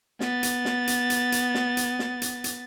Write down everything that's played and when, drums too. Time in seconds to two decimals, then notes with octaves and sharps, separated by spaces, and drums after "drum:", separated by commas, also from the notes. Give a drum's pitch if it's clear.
0.20 B3 A6, drum: snare
0.43 drum: hi-hat
0.65 drum: snare
0.87 drum: hi-hat
1.10 drum: hi-hat
1.32 drum: hi-hat
1.55 drum: snare
1.77 drum: hi-hat
1.99 drum: snare
2.22 drum: hi-hat
2.44 drum: hi-hat